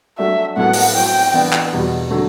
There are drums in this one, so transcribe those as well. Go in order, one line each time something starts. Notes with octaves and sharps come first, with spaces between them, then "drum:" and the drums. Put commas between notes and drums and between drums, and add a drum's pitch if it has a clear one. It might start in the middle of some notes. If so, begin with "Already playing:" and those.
F#3 A3 D4 E5
A2 F#3 B3 E4 A4 F#5
drum: open hi-hat
F#3 C4 E4 G5
E3 B3 D4
drum: clap
E2 B2 G3
D3 F#3 A3